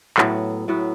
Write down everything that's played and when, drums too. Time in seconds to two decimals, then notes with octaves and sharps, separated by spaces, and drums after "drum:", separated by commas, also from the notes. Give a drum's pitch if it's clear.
0.18 A2 F#3 B3, drum: clap
0.68 A2 F#3 B3